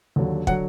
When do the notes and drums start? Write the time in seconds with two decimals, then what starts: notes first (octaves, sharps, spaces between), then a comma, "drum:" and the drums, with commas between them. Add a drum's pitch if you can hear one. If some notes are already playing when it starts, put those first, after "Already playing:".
0.16 D#2 D3 F#3
0.47 D3 F#3 F#5, drum: kick